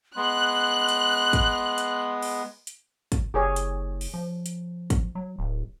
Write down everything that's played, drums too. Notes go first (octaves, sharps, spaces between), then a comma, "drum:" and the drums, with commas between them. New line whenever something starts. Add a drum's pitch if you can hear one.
G#3 B3 C6 F#6
drum: hi-hat
drum: kick, hi-hat
drum: hi-hat
drum: open hi-hat
drum: hi-hat
drum: kick, hi-hat
F#1 G4 G#4 C#5
drum: hi-hat
drum: open hi-hat
F3
drum: hi-hat
drum: kick, hi-hat
F#3
D1